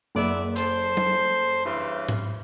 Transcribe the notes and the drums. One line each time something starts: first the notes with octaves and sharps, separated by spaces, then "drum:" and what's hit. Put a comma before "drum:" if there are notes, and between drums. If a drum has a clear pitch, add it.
F#1 B3 E4 D5
A4 C5, drum: hi-hat
drum: tom F#3
G2 C#3 E3
drum: tom G#2